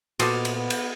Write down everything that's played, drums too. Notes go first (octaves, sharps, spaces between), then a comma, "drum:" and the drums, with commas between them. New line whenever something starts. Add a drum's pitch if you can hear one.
A#2 B3 F#4 A4 B4 C5 D#5 D6, drum: cymbal
drum: cymbal
B3
drum: cymbal